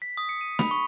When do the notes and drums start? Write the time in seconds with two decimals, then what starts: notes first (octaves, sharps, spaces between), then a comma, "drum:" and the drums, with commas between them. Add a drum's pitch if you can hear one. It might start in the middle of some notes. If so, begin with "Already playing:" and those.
0.02 B6
0.17 D#6
0.29 C#7
0.41 D#7
0.59 B5, drum: snare
0.71 C#6